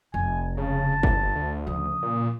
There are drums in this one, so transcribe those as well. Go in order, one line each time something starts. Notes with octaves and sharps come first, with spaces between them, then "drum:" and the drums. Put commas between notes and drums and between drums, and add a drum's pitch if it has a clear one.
F1 G#5
C#3 A5
G1, drum: kick
D2
C#3 F3 D#6
A#2